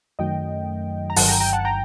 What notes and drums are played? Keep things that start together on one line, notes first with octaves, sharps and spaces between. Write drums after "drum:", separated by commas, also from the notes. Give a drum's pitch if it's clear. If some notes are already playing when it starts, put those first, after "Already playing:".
F#2 D#3 F#3 A3 D#5 G5
A#5
G1 G2 D#3 F#3 F#5 A5, drum: open hi-hat
G5 A#5
G5 A#5
F#5 A5
G5 A#5